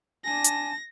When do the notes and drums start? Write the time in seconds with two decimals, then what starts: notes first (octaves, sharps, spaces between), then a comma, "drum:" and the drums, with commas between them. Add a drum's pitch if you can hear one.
0.25 D4 G#5 A5 A#6
0.44 drum: hi-hat